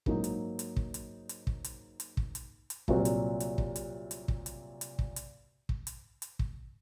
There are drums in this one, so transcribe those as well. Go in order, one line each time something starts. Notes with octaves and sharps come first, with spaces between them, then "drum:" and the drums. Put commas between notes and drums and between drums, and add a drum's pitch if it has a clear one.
G#2 F#3 A#3 D#4, drum: kick
drum: hi-hat
drum: hi-hat
drum: kick
drum: hi-hat
drum: hi-hat
drum: kick
drum: hi-hat
drum: hi-hat
drum: kick
drum: hi-hat
drum: hi-hat
C2 A#2 F#3 C4 F#4, drum: kick
drum: hi-hat
drum: hi-hat
drum: kick
drum: hi-hat
drum: hi-hat
drum: kick
drum: hi-hat
drum: hi-hat
drum: kick
drum: hi-hat
drum: kick
drum: hi-hat
drum: hi-hat
drum: kick